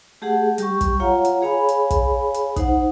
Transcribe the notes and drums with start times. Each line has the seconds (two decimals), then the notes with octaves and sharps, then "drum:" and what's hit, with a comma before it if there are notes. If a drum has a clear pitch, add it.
0.22 A3 G4 G#4 F#5
0.58 G3 G4 C#6, drum: hi-hat
0.81 drum: kick, hi-hat
1.00 F4 C#5 F5 F#5 A#5
1.25 drum: hi-hat
1.42 G#4 C#5 F5 G#5 B5
1.69 drum: hi-hat
1.90 drum: kick, hi-hat
2.34 drum: hi-hat
2.56 D#4 C5 F#5, drum: kick, hi-hat